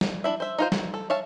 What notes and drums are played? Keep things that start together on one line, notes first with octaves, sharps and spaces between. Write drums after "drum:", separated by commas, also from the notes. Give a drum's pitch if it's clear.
drum: snare
D4 E4 E5
C5 E5
D#4 F4 C5
F#4, drum: snare
A4
C#5 E5 F5 A5